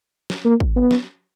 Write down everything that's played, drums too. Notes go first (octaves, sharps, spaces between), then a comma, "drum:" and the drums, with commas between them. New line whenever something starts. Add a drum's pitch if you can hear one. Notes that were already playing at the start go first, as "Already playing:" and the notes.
drum: snare
A#3
drum: kick
B3
drum: snare